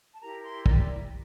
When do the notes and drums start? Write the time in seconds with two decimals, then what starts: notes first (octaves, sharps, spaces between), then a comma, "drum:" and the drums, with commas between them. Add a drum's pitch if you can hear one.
0.15 A5
0.20 E4 G4 A#4 A#5
0.43 C6
0.66 D5, drum: kick